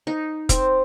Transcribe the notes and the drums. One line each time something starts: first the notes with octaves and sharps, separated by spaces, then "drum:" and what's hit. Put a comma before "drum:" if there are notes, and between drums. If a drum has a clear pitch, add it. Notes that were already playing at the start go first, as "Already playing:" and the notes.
D#4
C4, drum: kick F1, hi-hat